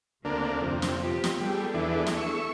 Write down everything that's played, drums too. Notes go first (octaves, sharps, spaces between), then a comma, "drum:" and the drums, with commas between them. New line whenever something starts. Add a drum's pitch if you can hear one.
D2 C#3 A#3 C4 D4
F2 C3
drum: snare
B3 F4 G4
drum: snare
G3 B3 G#4 A4
E2 E3 D4
drum: snare
E5 C#6